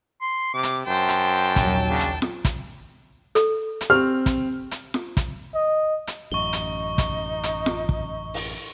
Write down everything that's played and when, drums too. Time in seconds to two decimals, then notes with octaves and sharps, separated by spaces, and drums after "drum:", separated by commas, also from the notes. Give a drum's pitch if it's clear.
0.21 C6
0.54 C3 D6
0.63 drum: hi-hat
0.87 F#2 C5 G5 A5
1.09 drum: hi-hat
1.56 A#1 D#2 F#3, drum: kick, hi-hat
1.89 C#3 D4
1.99 drum: hi-hat
2.22 drum: snare F4
2.45 drum: kick, hi-hat
3.35 A4, drum: hi-hat
3.81 drum: hi-hat
3.90 C4 G4 F6
4.26 drum: kick, hi-hat
4.71 drum: hi-hat
4.94 drum: snare F4
5.17 drum: kick, hi-hat
5.54 D#5
6.07 drum: hi-hat
6.32 A1 F#2 D#4 C#6 G7
6.53 drum: hi-hat
6.98 drum: kick, hi-hat
7.43 drum: hi-hat
7.66 drum: snare F4
7.89 drum: kick
8.34 drum: open hi-hat